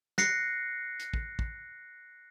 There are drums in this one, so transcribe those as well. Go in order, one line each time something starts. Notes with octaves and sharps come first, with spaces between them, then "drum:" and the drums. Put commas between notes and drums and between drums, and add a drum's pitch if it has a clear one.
F#6 A#6 C7 C#7, drum: snare
drum: hi-hat
drum: kick
drum: kick